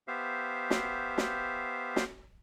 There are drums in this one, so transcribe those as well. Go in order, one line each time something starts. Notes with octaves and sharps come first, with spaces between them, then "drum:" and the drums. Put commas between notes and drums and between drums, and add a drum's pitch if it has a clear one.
B3 G4 C5 E5 F5
drum: snare
drum: snare
drum: snare